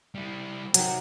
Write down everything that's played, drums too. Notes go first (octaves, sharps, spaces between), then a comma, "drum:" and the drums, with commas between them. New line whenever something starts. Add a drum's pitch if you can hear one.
G3 E4
C3 D#3 F#3, drum: hi-hat